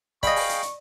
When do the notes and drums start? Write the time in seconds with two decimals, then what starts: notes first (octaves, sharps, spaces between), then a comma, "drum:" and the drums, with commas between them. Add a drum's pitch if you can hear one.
0.23 G#4 D5 D#5 F5 G5 B5 C#6, drum: kick, hi-hat
0.36 drum: open hi-hat
0.49 drum: hi-hat
0.62 drum: hi-hat